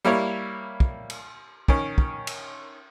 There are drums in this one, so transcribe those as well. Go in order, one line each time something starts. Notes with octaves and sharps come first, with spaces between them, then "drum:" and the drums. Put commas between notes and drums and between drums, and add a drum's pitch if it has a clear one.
G3 A#3 E4 C#5
drum: kick
drum: cymbal
D#3 C#4, drum: kick
drum: kick
drum: cymbal